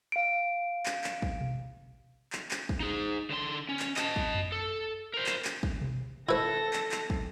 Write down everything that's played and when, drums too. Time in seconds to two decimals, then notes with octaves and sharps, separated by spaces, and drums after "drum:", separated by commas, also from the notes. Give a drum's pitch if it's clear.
0.12 F5 D7
0.86 drum: clap
1.04 drum: clap
1.22 drum: kick
1.41 drum: tom B2
2.33 drum: clap
2.51 drum: clap
2.69 drum: kick
2.80 D#4 G#4
3.30 D3 C6
3.69 C#4
3.79 drum: clap
3.96 D#5 A5, drum: clap
4.16 drum: kick
4.35 drum: tom F#2
4.52 A4
5.14 A#4 C5
5.26 drum: clap
5.45 drum: clap
5.63 drum: kick
5.81 drum: tom B2
6.29 E4 A4 B4 A#6
6.73 drum: clap
6.92 drum: clap
7.10 drum: kick